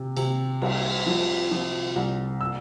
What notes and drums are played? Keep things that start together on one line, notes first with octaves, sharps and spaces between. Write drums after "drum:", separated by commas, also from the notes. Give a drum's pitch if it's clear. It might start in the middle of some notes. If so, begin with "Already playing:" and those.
Already playing: C3
C3, drum: cymbal
C2, drum: cymbal
F3
F3
C2
E6